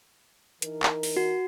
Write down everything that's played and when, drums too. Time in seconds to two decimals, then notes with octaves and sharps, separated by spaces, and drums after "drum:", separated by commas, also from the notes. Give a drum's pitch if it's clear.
0.62 E3 D#4 A#4, drum: hi-hat
0.83 drum: clap
1.03 drum: open hi-hat
1.17 F#4